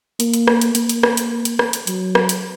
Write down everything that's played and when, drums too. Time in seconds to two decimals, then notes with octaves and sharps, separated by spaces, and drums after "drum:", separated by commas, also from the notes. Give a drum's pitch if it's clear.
0.20 A#3, drum: hi-hat
0.34 drum: hi-hat
0.48 drum: rim click
0.61 drum: hi-hat
0.75 A#3, drum: hi-hat
0.89 drum: hi-hat
1.03 drum: rim click
1.17 drum: hi-hat
1.45 drum: hi-hat
1.59 drum: rim click
1.73 drum: hi-hat
1.87 F#3, drum: hi-hat
2.15 drum: rim click
2.29 drum: hi-hat